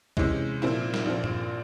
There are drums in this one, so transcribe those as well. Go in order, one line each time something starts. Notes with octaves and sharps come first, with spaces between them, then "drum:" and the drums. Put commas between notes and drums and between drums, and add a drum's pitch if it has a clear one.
C3 E3 G#3 C#4, drum: kick C2
A#2 F3 C4 E4
drum: snare
A#1 A#2 F3 C4
drum: tom G2